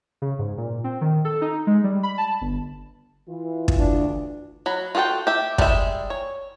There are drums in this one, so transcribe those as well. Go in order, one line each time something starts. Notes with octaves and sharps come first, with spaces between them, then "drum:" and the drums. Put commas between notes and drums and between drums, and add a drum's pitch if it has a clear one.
C#3
G#2
A#2
C4
D#3
A4
D#4
G#3
G3
B5
A5
G1
E3 F4
drum: kick
D2 D4
F#3 B5
F4 F#4 G#4 A4 G5
G4 E5
G3 G#3 C4 E5 G5, drum: kick
C#5